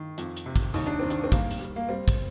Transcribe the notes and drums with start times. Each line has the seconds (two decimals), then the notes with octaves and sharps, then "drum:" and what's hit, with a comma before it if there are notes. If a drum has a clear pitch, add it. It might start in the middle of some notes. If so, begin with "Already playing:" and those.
Already playing: D#3
0.18 F2, drum: hi-hat
0.37 drum: hi-hat
0.46 C3
0.56 drum: kick, hi-hat
0.74 D#2 D#4, drum: hi-hat
0.86 D4
0.99 D#3 C4
1.10 D4, drum: hi-hat
1.24 C4
1.32 G3 A#3, drum: kick, hi-hat
1.51 drum: hi-hat
1.61 G3
1.76 A#3
1.88 G3 C4
2.08 drum: kick, hi-hat